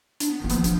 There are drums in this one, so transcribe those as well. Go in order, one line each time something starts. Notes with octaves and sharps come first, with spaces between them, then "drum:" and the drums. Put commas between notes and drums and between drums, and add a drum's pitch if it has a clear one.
D4, drum: hi-hat
B3
D#3
A#3
F3 B3, drum: hi-hat
D4, drum: hi-hat